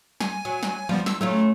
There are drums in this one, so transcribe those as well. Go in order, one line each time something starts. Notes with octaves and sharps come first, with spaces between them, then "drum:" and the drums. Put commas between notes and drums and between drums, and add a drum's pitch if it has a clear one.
G#5, drum: snare
F#3
drum: snare
F3 G3 B3 F4
E6, drum: snare
F#3 A3 C#4 F4